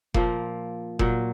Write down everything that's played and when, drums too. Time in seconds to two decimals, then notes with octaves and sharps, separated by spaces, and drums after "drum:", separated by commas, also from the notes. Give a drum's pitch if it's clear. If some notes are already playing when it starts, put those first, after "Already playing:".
0.14 A#2 F3 A#3, drum: kick F1
0.99 A#2 F#3, drum: kick F1